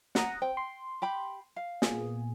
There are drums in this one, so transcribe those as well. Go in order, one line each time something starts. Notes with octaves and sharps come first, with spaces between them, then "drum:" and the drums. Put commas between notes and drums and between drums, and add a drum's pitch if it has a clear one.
F#5 A#5 D#6, drum: snare
C4 G5
C6
G4 G5 B5
F5
A#2 B3 G#4, drum: snare